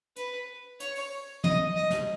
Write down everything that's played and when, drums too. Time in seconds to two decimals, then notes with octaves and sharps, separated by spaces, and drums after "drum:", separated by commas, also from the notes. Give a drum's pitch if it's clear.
0.16 B4, drum: hi-hat
0.80 C#5, drum: hi-hat
0.95 drum: open hi-hat
1.44 D#5, drum: tom
1.76 D#5
1.90 drum: snare